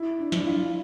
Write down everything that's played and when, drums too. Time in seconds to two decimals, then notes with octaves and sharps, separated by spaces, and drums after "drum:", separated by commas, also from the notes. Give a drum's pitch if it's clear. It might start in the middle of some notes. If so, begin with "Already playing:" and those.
Already playing: E4
0.19 D4
0.32 D4, drum: snare
0.39 E4
0.46 F4